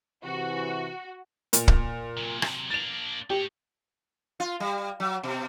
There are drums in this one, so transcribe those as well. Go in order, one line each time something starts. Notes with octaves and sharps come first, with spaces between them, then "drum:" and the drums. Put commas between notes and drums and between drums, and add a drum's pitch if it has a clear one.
C3 E3 F#4
A#2, drum: hi-hat
drum: kick
C3 F#3
drum: rim click
A#3 D4 A6 F7
A3 G4 C#5
F4
G3
F#3
B2